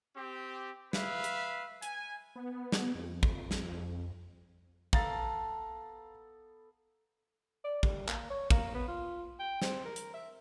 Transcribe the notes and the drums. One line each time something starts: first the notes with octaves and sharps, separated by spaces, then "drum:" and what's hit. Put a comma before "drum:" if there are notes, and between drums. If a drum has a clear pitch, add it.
C4 G4
B4 E5 F5, drum: snare
drum: hi-hat
G#5, drum: hi-hat
B3
drum: snare
F2
drum: kick
drum: snare
B3 A4 F5 A#5 A6, drum: kick
D5
G3, drum: kick
A#3, drum: clap
C#5
A#3, drum: kick
B3
F4
G5
C4, drum: snare
A#4
drum: hi-hat
E5